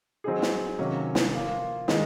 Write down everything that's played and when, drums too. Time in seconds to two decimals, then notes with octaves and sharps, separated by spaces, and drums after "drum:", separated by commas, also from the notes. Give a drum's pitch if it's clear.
0.24 F#3 C4 D#4 G#4
0.42 drum: snare
0.79 C3 D#3 F#3 A#3 C#4
1.15 drum: snare
1.33 F3 A#3 F4
1.88 D#3 G#3, drum: snare